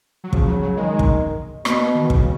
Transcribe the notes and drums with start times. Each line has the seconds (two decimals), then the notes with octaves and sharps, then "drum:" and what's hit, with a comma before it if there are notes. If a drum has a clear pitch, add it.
0.24 F#3
0.33 C#3 F3, drum: kick
0.48 F#3
0.62 F#3
0.77 D#3 G#3
0.99 drum: kick
1.65 B2 A#3, drum: rim click
1.80 B3
1.95 D#3
2.10 C#3, drum: kick